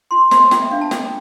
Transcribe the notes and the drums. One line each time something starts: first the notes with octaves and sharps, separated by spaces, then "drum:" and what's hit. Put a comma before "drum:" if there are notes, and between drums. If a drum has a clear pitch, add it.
F4 C6
C5 C6, drum: snare
F4 G5, drum: snare
E5
D4 F5
A5
F4 G5, drum: snare